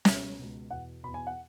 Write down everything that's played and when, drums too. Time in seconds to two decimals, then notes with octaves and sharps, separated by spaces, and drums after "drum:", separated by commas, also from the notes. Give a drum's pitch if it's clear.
0.05 C#2 B2 E5, drum: snare
0.39 C#2 B2
0.71 E2 B2 F#5
1.03 E2 B2 B5
1.14 G#5
1.27 F#5